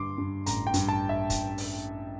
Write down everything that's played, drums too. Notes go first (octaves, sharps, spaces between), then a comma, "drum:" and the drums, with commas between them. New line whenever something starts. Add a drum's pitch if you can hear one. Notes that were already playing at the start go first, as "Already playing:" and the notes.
Already playing: G2 D3 C6 D6
G2
A1 A#5, drum: hi-hat
G5
G2, drum: hi-hat
A5
E5
drum: kick, hi-hat
drum: open hi-hat